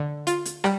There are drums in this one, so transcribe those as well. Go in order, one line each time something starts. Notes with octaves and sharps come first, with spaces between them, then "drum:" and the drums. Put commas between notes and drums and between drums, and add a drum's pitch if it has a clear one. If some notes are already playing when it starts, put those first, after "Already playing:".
Already playing: D3
F4, drum: hi-hat
drum: hi-hat
G3, drum: rim click